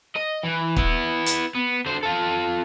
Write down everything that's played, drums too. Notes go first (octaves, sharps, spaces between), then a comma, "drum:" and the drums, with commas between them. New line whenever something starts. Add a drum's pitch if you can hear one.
D#5
E3
B3 E4, drum: kick
drum: hi-hat
B3
D3 C5
F4 A4